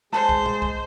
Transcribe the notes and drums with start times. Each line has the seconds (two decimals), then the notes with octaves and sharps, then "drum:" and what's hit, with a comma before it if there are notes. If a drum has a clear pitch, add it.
0.13 G#3 C5 A5, drum: snare
0.29 drum: kick B1
0.46 drum: tom
0.62 drum: kick B1